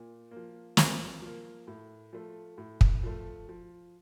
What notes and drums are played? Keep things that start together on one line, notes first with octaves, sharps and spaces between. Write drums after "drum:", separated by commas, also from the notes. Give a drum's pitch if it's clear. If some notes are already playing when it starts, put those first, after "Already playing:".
Already playing: A#2
F3 A#3
A#2, drum: snare
F3 A#3
A2
F3 A3
A2
drum: kick
F3 A3
F3